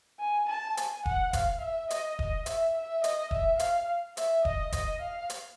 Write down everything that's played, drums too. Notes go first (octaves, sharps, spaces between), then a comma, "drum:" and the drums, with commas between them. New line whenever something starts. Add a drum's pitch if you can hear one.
G#5
A5
G#5, drum: hi-hat
F#5, drum: kick E1
F5, drum: kick E1, hi-hat
E5
D#5, drum: hi-hat
D#5, drum: kick E1
E5, drum: hi-hat
E5
D#5, drum: hi-hat
E5, drum: kick E1
F5, drum: hi-hat
E5, drum: hi-hat
D#5, drum: kick E1
D#5, drum: kick E1, hi-hat
F5
drum: hi-hat